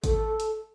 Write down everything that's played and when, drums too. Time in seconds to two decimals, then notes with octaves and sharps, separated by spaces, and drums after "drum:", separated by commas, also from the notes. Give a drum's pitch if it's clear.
0.04 A4, drum: kick G#1, hi-hat
0.40 drum: hi-hat